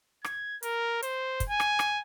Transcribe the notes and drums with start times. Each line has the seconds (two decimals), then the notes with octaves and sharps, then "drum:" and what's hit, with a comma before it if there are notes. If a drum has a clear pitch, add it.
0.24 G#6, drum: rim click
0.63 A#4, drum: hi-hat
1.02 C5, drum: hi-hat
1.40 drum: kick, hi-hat
1.49 G#5
1.60 drum: rim click
1.79 drum: rim click